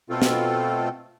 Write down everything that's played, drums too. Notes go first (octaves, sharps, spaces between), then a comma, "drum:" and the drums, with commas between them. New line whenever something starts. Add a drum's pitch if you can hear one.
B2 A3 C4 F4 A4
drum: snare